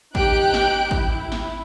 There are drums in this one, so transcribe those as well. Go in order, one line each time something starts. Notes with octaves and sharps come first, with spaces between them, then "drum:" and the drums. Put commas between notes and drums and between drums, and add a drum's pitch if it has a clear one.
D#4 G4 G5 F#6 D7, drum: kick
drum: snare
E4, drum: kick
drum: snare